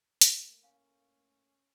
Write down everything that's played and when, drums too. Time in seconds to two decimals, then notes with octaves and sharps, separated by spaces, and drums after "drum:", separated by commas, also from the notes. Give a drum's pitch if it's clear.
0.21 A2 A3 A#3, drum: hi-hat
0.63 C#4 F5 G#5